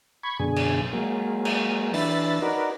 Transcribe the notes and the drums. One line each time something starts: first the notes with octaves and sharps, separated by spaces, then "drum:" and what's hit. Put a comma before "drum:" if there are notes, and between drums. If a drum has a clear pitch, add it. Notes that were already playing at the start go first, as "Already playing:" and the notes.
B5 C#6 G#6
F#2 B2 D3 G#4
drum: cymbal
F#3 G#3 A#3
drum: cymbal
E3 D4 B4 E5 A6, drum: open hi-hat
D#4 F#4 A#4 B4 D5